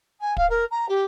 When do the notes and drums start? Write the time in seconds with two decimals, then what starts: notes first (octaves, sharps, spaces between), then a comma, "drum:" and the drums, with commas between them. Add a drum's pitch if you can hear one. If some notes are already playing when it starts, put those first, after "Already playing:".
0.20 G#5
0.37 F5, drum: kick
0.49 A#4
0.71 A#5
0.88 G4